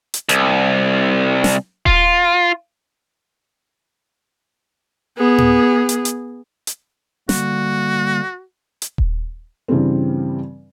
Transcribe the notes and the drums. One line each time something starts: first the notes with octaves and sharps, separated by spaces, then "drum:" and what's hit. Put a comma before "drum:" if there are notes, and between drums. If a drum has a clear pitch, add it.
drum: hi-hat
C2, drum: hi-hat
drum: snare
F4, drum: kick D#1
B3 G#4
drum: tom A2
drum: hi-hat
drum: hi-hat
drum: hi-hat
D3 G3 A#3 F#4, drum: snare
drum: hi-hat
drum: kick D#1
G2 C#3 E3 G3 C4